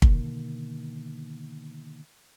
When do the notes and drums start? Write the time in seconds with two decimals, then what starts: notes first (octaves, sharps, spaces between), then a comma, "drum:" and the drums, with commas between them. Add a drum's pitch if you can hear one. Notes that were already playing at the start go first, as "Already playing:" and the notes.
0.02 B2 D3 D#3 A#3, drum: kick